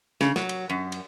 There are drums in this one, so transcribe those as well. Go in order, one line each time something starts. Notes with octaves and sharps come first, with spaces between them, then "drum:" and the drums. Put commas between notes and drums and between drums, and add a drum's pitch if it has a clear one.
C#3, drum: snare
F#3, drum: snare
drum: cymbal
F#2
drum: cymbal